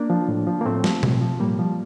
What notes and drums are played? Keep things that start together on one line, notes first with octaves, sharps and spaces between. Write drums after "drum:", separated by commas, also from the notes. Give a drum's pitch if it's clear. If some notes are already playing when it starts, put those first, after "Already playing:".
Already playing: A#3 D4
F3
A2
F3
A#3
A2 A3 C4
F3, drum: snare
A2, drum: tom B2
F3
A2 G3 A#3
F3